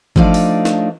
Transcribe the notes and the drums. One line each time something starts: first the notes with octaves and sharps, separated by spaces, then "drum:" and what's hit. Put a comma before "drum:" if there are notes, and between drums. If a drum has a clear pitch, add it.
F3 A3 D4 D#4 D5 F5, drum: kick
drum: open hi-hat
drum: snare